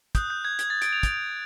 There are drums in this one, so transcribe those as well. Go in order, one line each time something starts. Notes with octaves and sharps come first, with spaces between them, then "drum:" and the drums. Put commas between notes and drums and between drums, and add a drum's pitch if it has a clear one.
D#6 F#6 G6, drum: kick, hi-hat
G6
G#6
G#6, drum: hi-hat
A6
D7, drum: hi-hat
F7
drum: kick, hi-hat